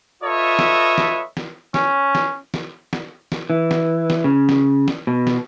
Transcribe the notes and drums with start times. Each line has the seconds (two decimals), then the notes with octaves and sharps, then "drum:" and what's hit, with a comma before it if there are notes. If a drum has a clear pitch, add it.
0.23 F4 A4 B4 C#5 D#5 E5
0.59 drum: snare
0.98 drum: snare
1.37 drum: snare
1.74 C#4, drum: snare
2.15 drum: snare
2.54 drum: snare
2.93 drum: snare
3.32 drum: snare
3.50 E3
3.71 drum: snare
4.10 drum: snare
4.24 C#3
4.49 drum: snare
4.88 drum: snare
5.07 B2
5.27 drum: snare